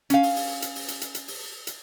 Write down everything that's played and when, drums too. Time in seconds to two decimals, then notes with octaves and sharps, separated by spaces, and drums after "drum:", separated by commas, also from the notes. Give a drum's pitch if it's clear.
0.10 C#4 F5, drum: hi-hat
0.23 drum: open hi-hat
0.36 drum: open hi-hat
0.62 drum: hi-hat
0.75 drum: open hi-hat
0.88 drum: hi-hat
1.02 drum: hi-hat
1.15 drum: hi-hat
1.28 drum: open hi-hat
1.67 drum: hi-hat